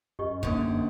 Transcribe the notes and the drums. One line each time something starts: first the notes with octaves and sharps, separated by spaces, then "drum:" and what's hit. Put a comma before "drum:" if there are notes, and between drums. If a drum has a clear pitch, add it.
F#2 G4 D#5 C#6
G#2 D3 A#3 C#4, drum: kick